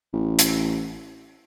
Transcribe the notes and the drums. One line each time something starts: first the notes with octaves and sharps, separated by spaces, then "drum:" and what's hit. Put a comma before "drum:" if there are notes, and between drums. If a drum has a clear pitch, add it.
A1
drum: hi-hat